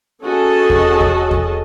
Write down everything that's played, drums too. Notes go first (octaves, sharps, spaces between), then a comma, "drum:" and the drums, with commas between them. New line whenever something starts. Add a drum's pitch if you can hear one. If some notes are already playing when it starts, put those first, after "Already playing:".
C#4 F#4 G#4 A4 D#5 A5
drum: kick E2
drum: kick E2
drum: kick E2